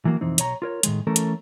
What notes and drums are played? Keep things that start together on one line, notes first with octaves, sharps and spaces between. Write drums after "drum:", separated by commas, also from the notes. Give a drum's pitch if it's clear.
E3 F#3 A#3 F#4
B1 F2 E3 C4 D#4
B1 C#5 A#5, drum: hi-hat
F4 A#4 C#5
A2 D#3 G#3, drum: hi-hat
E3 A3 C#4 A4 A#4
drum: hi-hat